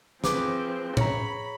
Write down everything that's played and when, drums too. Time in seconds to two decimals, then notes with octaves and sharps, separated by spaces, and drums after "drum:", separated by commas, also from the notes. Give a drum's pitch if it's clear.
0.24 F3 C4 G#4 B4 D6, drum: snare
0.97 C#5 A#5 B5, drum: tom A2